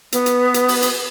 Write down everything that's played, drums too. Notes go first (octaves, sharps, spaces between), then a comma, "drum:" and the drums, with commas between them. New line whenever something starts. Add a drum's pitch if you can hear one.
B3, drum: hi-hat
drum: hi-hat
drum: hi-hat
drum: open hi-hat
drum: hi-hat